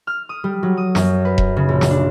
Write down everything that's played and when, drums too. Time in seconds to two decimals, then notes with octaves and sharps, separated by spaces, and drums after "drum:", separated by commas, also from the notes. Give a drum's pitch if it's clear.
0.07 F6
0.29 D#6
0.44 G3
0.63 F#3
0.77 D#6
0.95 F#2, drum: snare
1.25 B4
1.38 drum: kick E1
1.57 C#3
1.69 A#1
1.81 drum: snare
1.91 D4